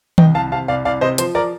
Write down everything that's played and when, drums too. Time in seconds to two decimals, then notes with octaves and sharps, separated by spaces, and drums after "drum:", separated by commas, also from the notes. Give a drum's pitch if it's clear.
0.18 C2 D#5 G5, drum: tom D#3
0.35 C2 F5 A5
0.52 C3 F5 A5
0.68 C2 D5 F5
0.85 C2 D5 F5
1.01 C3 C5 D#5
1.18 F3 C5, drum: hi-hat
1.35 A#4 D5